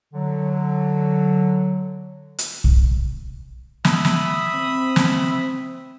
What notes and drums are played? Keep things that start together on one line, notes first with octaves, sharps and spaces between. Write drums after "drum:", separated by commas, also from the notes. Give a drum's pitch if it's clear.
D3 F#3
drum: hi-hat
drum: kick
E5 B5 D#6, drum: snare
drum: snare
C4
drum: snare